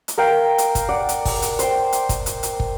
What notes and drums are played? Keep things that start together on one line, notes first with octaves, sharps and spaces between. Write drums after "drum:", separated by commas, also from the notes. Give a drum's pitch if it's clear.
drum: hi-hat
A#4 F5 G5
drum: hi-hat
drum: kick, hi-hat
D5 F#5
drum: hi-hat
drum: kick, open hi-hat
drum: hi-hat
C5 G5, drum: hi-hat
drum: hi-hat
drum: kick, hi-hat
drum: hi-hat
drum: hi-hat
drum: kick